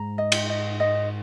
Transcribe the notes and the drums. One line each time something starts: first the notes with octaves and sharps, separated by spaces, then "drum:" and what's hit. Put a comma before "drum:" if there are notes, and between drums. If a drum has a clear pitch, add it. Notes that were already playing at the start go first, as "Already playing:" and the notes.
Already playing: G#2 A#5
D#5
drum: cymbal
D#5
D#5